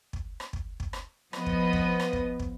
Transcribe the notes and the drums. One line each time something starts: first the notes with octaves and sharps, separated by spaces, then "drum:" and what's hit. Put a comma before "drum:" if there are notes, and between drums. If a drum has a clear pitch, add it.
drum: kick
drum: rim click
drum: kick
drum: kick
drum: rim click
F3 B3 D#5, drum: rim click
drum: kick
drum: kick
drum: rim click
drum: kick
drum: kick